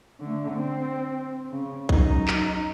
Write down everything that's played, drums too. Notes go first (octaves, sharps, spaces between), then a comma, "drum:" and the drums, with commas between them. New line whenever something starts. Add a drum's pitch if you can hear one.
D3 A3
C4
C#3
F#2 D#4, drum: kick B1
drum: clap